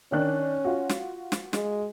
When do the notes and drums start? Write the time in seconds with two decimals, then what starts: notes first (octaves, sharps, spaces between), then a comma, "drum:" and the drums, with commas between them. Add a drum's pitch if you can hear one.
0.12 D#3 C#4 D4 F#6
0.65 F4 F#4
0.89 drum: snare
1.32 drum: snare
1.53 G#3, drum: snare